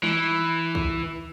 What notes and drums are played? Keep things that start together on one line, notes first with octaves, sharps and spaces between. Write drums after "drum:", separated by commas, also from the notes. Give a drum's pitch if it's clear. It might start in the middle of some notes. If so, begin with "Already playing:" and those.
E3, drum: tom G3
drum: kick C2